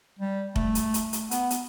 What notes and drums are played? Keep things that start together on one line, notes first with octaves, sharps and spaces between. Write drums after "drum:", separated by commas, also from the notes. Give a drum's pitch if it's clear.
G3
A3, drum: kick F1
drum: hi-hat
drum: hi-hat
drum: hi-hat
B3, drum: hi-hat
drum: hi-hat